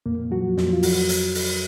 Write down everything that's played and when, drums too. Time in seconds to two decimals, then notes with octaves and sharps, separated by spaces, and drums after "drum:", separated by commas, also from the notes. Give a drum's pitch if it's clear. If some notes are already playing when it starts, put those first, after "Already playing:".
0.06 F2 A#2 A#3
0.31 F3 F#3 F#4
0.57 F2, drum: snare
0.73 F4
0.83 F#3 F#4, drum: open hi-hat
1.09 drum: hi-hat
1.35 drum: open hi-hat